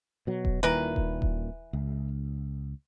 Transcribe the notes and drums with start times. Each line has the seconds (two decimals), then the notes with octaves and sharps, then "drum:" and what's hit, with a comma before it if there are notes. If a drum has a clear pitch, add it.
0.27 B2 F#3
0.45 drum: kick D#1
0.63 D#1 A#2 D#3 E3 A#4 B4
0.96 drum: kick D#1
1.22 drum: kick D#1
1.73 C#2